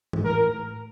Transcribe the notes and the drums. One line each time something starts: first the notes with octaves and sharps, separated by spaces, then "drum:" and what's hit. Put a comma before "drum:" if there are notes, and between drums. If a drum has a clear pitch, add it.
G#2, drum: tom
A2 A#4